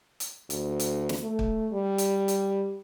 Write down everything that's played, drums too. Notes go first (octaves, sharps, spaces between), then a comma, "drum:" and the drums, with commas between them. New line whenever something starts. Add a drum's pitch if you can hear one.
drum: hi-hat
D2, drum: hi-hat
drum: hi-hat
drum: snare
A3
drum: kick
G3
drum: hi-hat
drum: hi-hat